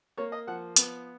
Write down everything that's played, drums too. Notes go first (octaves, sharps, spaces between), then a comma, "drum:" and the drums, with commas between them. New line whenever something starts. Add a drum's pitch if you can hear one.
A#3 C#5
D#5
F3 F#5
B3, drum: hi-hat